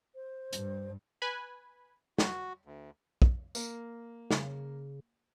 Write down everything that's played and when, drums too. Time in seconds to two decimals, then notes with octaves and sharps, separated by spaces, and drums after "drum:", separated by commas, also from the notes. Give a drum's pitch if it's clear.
0.15 C5
0.53 G2, drum: hi-hat
1.22 B4 G#5 B5
2.18 F#4, drum: snare
2.65 D2
3.22 drum: kick
3.55 A#3, drum: tambourine
4.31 C#3, drum: snare